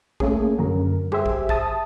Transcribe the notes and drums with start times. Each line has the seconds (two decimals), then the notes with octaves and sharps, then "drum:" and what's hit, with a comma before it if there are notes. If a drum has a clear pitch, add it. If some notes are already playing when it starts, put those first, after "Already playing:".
0.20 A3 A#3 C#4 G#4, drum: kick
0.58 F#2 D3 A#4
1.12 G4 G#4 C5 E5, drum: tom
1.26 drum: kick
1.49 E5 A5 D#6, drum: kick